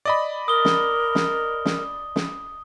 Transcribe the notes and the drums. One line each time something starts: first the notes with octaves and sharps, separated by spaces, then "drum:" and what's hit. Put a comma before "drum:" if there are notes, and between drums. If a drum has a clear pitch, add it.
D5 D#5 B5
A#4 D#6 G7
drum: snare
drum: snare
drum: snare
drum: snare